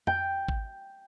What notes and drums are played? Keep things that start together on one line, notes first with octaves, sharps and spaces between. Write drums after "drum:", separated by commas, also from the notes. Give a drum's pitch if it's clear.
G5, drum: tom F2
drum: kick G#1